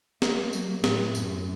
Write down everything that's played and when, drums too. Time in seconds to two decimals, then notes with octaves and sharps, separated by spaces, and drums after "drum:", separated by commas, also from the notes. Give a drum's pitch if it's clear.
0.22 A#3, drum: snare
0.53 F#3, drum: tambourine
0.84 A2, drum: snare
1.15 F#2, drum: tambourine